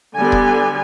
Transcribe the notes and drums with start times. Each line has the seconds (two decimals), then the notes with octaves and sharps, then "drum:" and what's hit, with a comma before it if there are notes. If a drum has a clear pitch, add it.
0.16 D3 G3 B3 G#5
0.32 drum: kick D#1